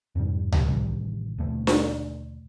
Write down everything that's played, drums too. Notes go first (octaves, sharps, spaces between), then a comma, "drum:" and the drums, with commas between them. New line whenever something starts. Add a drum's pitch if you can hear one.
F2 G#2 C3 G3
drum: tom C#2
A1 C3 D#3 G3
D#2 B2 D3 A3
drum: snare D4